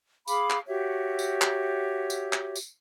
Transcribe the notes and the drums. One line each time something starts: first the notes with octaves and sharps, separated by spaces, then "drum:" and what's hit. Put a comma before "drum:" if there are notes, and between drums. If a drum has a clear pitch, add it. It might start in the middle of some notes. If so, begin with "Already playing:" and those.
G#4 F5 B5 D6, drum: tambourine
drum: clap
F#4 G4 C#5 E5
drum: tambourine
drum: clap
drum: tambourine
drum: clap
drum: tambourine